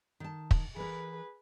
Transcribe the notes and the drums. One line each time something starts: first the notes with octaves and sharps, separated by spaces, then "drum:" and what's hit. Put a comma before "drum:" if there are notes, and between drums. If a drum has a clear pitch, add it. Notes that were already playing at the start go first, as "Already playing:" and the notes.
D#3 A5
drum: kick
E3 G#4 A#4 B4